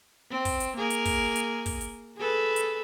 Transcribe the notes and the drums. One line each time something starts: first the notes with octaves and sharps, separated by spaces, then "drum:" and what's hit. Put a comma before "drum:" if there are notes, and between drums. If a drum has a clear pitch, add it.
C4
drum: kick, open hi-hat
drum: hi-hat
A#3 G#4 A#4
drum: hi-hat
drum: kick, open hi-hat
drum: hi-hat
drum: kick, open hi-hat
drum: hi-hat
G#4 A4 B4
drum: hi-hat